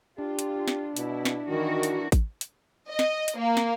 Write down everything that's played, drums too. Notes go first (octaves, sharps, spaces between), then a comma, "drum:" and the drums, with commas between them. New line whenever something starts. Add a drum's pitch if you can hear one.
D4 F4 G4
drum: hi-hat
drum: snare
B2 E4, drum: hi-hat
drum: snare
D#3 E3 F#4 A#4
drum: hi-hat
drum: kick A1, hi-hat
drum: hi-hat
D#5
drum: snare
drum: hi-hat
A#3
drum: snare